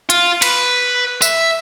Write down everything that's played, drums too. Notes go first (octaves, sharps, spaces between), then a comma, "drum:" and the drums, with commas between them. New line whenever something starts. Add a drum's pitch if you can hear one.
F4, drum: hi-hat
B4, drum: cymbal
E5, drum: tambourine